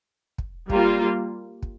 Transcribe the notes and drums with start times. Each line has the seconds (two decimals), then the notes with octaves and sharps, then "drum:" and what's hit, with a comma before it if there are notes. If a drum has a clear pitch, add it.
0.38 drum: kick
0.70 G3 A#3 F4, drum: kick
1.62 drum: kick